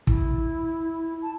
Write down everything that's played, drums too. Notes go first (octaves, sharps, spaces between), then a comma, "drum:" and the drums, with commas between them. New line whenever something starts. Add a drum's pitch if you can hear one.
E4, drum: kick
A5